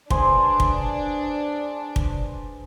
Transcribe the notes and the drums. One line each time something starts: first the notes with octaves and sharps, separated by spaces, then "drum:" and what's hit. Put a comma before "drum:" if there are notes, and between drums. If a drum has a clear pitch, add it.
D4 G#4 B4 C5, drum: kick
drum: kick
drum: kick